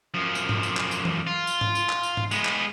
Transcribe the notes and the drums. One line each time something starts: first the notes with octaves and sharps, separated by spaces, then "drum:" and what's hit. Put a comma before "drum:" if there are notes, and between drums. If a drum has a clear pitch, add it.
F#2 F3
drum: tambourine
drum: tom G#2
drum: tambourine
drum: clap
drum: tambourine
drum: tom E3
F4
drum: tambourine
drum: tom G#2
drum: tambourine
drum: clap
drum: tambourine
drum: tom G#2
G#3 B3, drum: tambourine
drum: clap